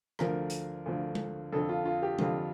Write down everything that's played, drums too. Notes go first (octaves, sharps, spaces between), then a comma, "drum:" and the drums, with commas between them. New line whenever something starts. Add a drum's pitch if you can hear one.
D2 D3 F3 A#4, drum: rim click
drum: hi-hat
D2 D3 F3
drum: tom G#3
F2 D3 F3 A4
F4
F4
G4
F2 D3 F3 F4, drum: tom G#3